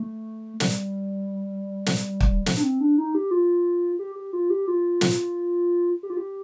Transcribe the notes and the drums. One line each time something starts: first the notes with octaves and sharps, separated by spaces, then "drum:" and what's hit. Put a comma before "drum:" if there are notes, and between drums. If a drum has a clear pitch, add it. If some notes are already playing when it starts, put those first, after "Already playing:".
Already playing: A3
G3, drum: snare
drum: snare
drum: kick
drum: snare
D4
C4
D4
D#4
G4
F4
G4
G4
F4
G4
F4
drum: snare
G4
F4
G4